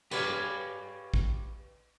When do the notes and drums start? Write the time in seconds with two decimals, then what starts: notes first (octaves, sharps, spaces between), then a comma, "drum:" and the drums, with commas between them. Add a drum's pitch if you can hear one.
0.11 G4 B4 C#5 D5 F5 G#5, drum: cymbal
1.14 drum: kick